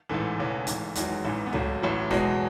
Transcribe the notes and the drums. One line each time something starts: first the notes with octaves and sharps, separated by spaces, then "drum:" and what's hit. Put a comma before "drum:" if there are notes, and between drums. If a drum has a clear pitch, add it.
A1 G#2 E3 A3
E1 E2 C#3 E3
G#1 G#2 E3, drum: hi-hat
F#1 E2 D#3 F#3 G#3, drum: hi-hat
A1 G#2 E3
B3
G#1 G#2 F#3 A3, drum: tom C#2
A1 A2 F#3
E2 B2 F#3 G#3, drum: snare